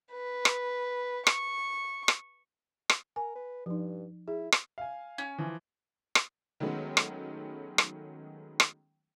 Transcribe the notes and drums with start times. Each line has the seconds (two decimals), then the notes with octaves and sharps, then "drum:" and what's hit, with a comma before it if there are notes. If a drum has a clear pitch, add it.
0.12 B4
0.45 drum: rim click
1.27 C#6, drum: rim click
2.08 drum: rim click
2.89 drum: rim click
3.16 A#4 G#5
3.35 B4
3.66 G2 F3 D#4
4.28 E4 G#4
4.52 drum: rim click
4.78 F5 G#5
5.18 C#4
5.38 E3 F3
6.15 drum: rim click
6.60 D#3 F#3 G#3 A3 B3 C#4
6.97 drum: rim click
7.78 drum: rim click
8.60 drum: rim click